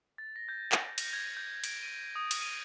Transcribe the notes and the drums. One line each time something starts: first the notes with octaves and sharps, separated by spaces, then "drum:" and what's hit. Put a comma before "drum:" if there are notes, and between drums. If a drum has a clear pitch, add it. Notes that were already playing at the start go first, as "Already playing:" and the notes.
A6
A#6
G6
A6, drum: clap
A#6, drum: cymbal
G#6
G6
D7, drum: cymbal
D#7
D#6
drum: cymbal
D#7